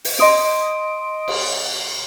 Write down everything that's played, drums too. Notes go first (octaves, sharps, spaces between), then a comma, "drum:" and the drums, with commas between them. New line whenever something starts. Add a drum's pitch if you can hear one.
drum: open hi-hat
D#5 C6 D#6 D7, drum: snare
drum: cymbal